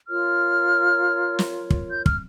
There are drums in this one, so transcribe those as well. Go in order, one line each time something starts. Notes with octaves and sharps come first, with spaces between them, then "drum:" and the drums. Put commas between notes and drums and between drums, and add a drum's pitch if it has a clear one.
F4 A#4 C#5 F6
drum: snare
drum: kick
G6
F6, drum: kick